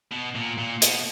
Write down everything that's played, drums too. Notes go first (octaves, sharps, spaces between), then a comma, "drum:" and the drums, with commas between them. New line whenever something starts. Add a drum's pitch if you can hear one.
B2
A#2
A#2
B2, drum: hi-hat